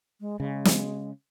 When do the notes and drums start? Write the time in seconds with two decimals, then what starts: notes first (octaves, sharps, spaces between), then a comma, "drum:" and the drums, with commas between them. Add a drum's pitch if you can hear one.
0.20 G#3
0.40 C#3 G#3
0.65 drum: snare